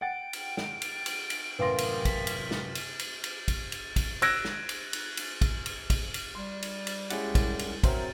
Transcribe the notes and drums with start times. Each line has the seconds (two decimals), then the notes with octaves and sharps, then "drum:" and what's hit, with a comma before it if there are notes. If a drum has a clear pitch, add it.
0.01 F#5 G5 A6 D7
0.33 drum: cymbal
0.57 drum: snare
0.82 drum: cymbal
1.06 drum: cymbal
1.30 drum: cymbal
1.59 A1 F#2 C3 A#3 B4 F5 C6 A#6
1.78 drum: cymbal
2.05 B6, drum: kick, cymbal
2.27 drum: cymbal
2.51 drum: snare
2.75 drum: cymbal
2.99 drum: cymbal
3.24 drum: cymbal
3.48 drum: kick, cymbal
3.72 drum: cymbal
3.96 drum: kick, cymbal
4.22 E6 F#6 G#6 A#6 D7, drum: cymbal
4.45 drum: snare
4.69 drum: cymbal
4.93 drum: cymbal
5.17 drum: cymbal
5.41 drum: kick, cymbal
5.66 drum: cymbal
5.90 drum: kick, cymbal
6.14 drum: cymbal
6.35 G3 C6
6.62 drum: cymbal
6.87 drum: cymbal
7.10 G#3 C#4 E4 G4 F#5, drum: cymbal
7.26 C2
7.35 drum: kick, cymbal
7.59 drum: cymbal
7.84 F#3 C4 A#4 C5 E5 C6, drum: kick, cymbal